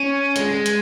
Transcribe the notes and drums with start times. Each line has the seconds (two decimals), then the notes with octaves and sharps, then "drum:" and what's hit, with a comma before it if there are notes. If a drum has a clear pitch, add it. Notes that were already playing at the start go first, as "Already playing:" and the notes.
Already playing: C#4
0.36 G#3, drum: hi-hat
0.51 G#3
0.66 drum: hi-hat